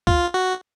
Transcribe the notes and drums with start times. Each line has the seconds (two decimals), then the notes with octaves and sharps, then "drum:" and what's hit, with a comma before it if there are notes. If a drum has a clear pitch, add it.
0.07 F4, drum: kick
0.34 F#4